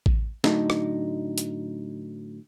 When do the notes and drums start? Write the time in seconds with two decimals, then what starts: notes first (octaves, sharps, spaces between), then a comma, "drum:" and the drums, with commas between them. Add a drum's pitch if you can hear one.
0.06 drum: kick A1
0.44 A2 D3 F#3 D#4, drum: snare
0.70 drum: rim click
1.38 drum: hi-hat